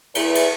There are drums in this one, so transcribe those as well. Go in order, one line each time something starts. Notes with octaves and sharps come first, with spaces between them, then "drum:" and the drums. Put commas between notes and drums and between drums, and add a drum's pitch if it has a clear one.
E2, drum: cymbal
drum: cymbal